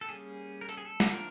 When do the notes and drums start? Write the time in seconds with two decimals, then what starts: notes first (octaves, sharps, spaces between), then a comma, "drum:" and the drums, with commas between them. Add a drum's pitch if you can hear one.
0.01 A4
0.09 G3 A#3 C#4 G#4
0.61 A#4
0.69 A4, drum: hi-hat
0.77 G#4
0.85 A4
1.00 drum: snare
1.13 F3 A#3 D4 A#4